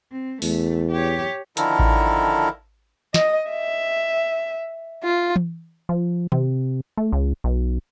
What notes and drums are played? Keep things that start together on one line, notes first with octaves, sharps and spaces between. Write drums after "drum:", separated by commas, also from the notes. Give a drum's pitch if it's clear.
C4
E2 A3, drum: open hi-hat
G4 C#5
D3 D#3 F3 E4 A4 A#4, drum: hi-hat
drum: kick A1
D#5, drum: snare
E5
F4
drum: tom E3
F3
C3, drum: tom D#3
A3
C#2
B1